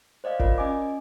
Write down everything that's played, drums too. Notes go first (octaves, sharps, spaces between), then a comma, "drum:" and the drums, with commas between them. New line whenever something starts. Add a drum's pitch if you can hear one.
C5 D5 D#5 F5
F4 A#4 D5, drum: kick G1
C#4 D#5 G#5 D6